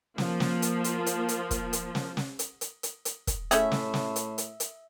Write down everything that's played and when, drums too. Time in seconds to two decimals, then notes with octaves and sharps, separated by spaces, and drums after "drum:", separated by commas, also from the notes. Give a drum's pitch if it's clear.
0.18 F3 A#3, drum: snare
0.40 drum: snare
0.62 drum: hi-hat
0.84 drum: hi-hat
1.06 drum: hi-hat
1.29 drum: hi-hat
1.51 drum: kick, hi-hat
1.73 drum: hi-hat
1.95 drum: snare
2.17 drum: snare
2.39 drum: hi-hat
2.61 drum: hi-hat
2.83 drum: hi-hat
3.05 drum: hi-hat
3.27 drum: kick, hi-hat
3.51 A2 A3 C#4 G#4 E5, drum: hi-hat
3.72 drum: snare
3.94 drum: snare
4.16 drum: hi-hat
4.38 drum: hi-hat
4.60 drum: hi-hat